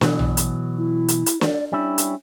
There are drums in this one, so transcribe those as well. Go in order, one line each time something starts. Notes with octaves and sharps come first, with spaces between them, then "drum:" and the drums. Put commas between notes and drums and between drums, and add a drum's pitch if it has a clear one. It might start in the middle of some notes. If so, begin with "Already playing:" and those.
B2 E3 F#3, drum: snare
drum: tom A#1
drum: hi-hat
E4
drum: hi-hat
drum: hi-hat
D5, drum: snare
G3 C#4 D4 E4
drum: hi-hat